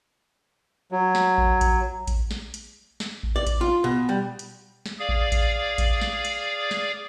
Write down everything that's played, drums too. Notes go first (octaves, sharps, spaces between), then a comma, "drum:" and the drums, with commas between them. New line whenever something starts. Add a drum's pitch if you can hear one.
F#3
drum: snare
drum: kick A1
drum: kick A1, hi-hat
drum: kick A1, hi-hat
drum: snare
drum: hi-hat
drum: snare
drum: kick A1
D5
drum: kick A1, hi-hat
F4
B2
G3
drum: hi-hat
drum: snare
G#4 D5 F5
drum: kick A1
drum: kick A1, hi-hat
drum: kick A1, hi-hat
drum: snare
drum: hi-hat
drum: snare